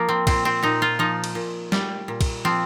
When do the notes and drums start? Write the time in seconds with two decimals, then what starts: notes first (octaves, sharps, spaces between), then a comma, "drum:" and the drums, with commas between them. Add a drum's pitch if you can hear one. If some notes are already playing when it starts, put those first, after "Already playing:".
Already playing: F3 A#3
0.09 C4
0.27 A#2 C4, drum: kick, cymbal
0.45 C4
0.63 A#2 D#4
0.82 F4
0.99 F3 D#4
1.24 drum: cymbal
1.35 A#2
1.72 G3, drum: snare
2.08 A#2
2.21 drum: kick, cymbal
2.45 F3 C4